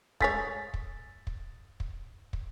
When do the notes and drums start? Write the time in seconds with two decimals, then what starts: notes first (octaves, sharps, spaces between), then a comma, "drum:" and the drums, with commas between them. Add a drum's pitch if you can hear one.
0.21 A3 G#4 C#5 A6 B6, drum: kick
0.74 drum: kick
1.27 drum: kick
1.80 drum: kick
2.33 drum: kick